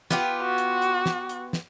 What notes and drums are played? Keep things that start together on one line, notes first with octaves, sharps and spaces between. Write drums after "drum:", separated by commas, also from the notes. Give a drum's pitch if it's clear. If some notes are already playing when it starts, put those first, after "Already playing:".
B3 F4 G4, drum: snare
F#4
drum: hi-hat
drum: hi-hat
drum: snare
drum: hi-hat
drum: snare